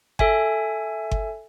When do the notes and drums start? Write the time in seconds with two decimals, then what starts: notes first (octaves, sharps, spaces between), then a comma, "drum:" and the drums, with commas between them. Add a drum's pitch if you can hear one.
0.19 A4 E5 G#5, drum: kick G1
1.11 drum: kick G1